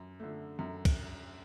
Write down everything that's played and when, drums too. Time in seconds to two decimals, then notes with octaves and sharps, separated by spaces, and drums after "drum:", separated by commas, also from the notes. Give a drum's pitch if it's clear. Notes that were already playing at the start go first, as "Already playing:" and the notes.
Already playing: F#2
0.20 D3 A3
0.59 F#2
0.85 drum: kick, cymbal